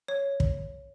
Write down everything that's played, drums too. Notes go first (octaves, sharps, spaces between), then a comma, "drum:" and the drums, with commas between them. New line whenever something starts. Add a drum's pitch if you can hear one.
C#5
drum: kick